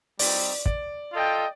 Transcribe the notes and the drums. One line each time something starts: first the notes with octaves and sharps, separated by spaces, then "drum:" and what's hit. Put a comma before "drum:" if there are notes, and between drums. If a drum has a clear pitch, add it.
G3 C4 D#4 D5, drum: open hi-hat
D5, drum: kick
F4 A4 D#5 G5